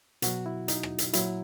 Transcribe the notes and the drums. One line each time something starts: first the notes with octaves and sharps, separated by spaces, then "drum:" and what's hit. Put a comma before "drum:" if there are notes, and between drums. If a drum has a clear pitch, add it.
B2 F#3 F#4, drum: hi-hat
E4
D#4, drum: hi-hat
drum: rim click
drum: hi-hat
A#2 F#3 E4, drum: hi-hat